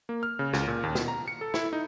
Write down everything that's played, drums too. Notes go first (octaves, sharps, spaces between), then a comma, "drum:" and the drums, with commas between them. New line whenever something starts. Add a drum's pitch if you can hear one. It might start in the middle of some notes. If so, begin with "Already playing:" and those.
A#3
F6
C#3
C#2, drum: snare
A#2
D#2
B2, drum: snare
A#5
C#7
A4
E4, drum: snare
D#4